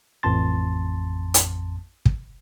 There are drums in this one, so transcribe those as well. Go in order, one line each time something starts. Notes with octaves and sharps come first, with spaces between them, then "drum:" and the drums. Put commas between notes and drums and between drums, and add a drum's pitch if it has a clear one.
A1 F2 A5 C6 A6
drum: hi-hat
drum: kick